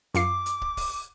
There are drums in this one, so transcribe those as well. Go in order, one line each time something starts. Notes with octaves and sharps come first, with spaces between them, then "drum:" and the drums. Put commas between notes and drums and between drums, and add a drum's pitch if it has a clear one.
F#2 F4 D6 C7, drum: hi-hat
drum: hi-hat
drum: kick
drum: kick, open hi-hat